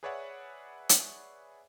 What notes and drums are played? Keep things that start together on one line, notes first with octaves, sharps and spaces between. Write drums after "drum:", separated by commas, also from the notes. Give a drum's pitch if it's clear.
G#4 B4 C#5 D5 E5 F#5
drum: hi-hat